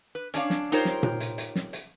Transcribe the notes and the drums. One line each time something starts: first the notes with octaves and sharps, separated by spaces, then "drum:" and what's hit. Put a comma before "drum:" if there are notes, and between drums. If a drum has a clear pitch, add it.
B4
C#4 D4 C#5 F5, drum: hi-hat
drum: snare
D#4 F4 G4 A#4 C5 C#5
drum: snare
drum: tom A#2
drum: hi-hat
drum: hi-hat
drum: snare
drum: hi-hat